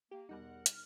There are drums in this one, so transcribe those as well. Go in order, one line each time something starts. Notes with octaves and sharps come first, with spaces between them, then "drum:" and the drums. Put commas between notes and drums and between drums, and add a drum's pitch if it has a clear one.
A#3 G4
E2 B2 G3 D#4 A#4 F#5
F6, drum: hi-hat